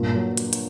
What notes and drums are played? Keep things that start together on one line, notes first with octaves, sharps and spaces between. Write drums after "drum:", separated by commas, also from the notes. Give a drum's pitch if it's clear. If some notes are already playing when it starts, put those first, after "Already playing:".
Already playing: G2 A#2
F#3
drum: hi-hat
drum: hi-hat